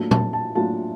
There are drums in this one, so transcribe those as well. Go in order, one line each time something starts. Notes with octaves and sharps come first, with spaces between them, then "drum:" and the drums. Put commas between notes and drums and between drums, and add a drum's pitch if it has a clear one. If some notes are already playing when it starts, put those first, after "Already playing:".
Already playing: A2 F#3 A#3 D4 F4
A5, drum: tom A#2
A5
A2 F#3 A#3 D4 F4 A5